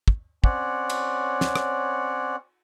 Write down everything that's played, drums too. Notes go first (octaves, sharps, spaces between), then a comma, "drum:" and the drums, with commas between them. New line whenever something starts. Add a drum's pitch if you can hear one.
drum: kick
C4 C#4 C#5 D5 F#5, drum: kick
drum: cymbal
drum: snare
drum: rim click